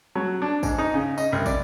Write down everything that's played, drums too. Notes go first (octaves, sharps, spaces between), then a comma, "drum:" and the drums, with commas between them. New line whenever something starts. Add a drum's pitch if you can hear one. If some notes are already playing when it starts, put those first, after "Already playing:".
F#3
D4
G#2, drum: kick, tambourine
D#4
C#3
D#5, drum: tambourine
C2
D5, drum: kick, tambourine